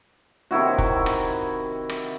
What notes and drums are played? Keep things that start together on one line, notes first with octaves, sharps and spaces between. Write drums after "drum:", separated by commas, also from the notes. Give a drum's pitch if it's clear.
C3 D#3 E4 F#4
drum: kick
drum: rim click
drum: rim click